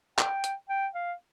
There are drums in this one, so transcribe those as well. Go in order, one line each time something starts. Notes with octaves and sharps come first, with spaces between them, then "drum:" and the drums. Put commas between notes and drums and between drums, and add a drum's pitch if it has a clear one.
G5, drum: clap
drum: hi-hat
G5
F5